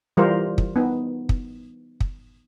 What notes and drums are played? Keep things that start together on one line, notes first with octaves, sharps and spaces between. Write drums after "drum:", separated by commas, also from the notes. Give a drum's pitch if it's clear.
E3 G3 E4 F4 A#4 C5
drum: kick
B3 D#4
drum: kick
drum: kick